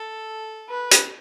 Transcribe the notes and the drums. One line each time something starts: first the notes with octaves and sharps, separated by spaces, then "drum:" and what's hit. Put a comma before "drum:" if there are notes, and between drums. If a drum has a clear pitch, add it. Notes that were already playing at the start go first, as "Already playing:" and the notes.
Already playing: A4
B4
drum: hi-hat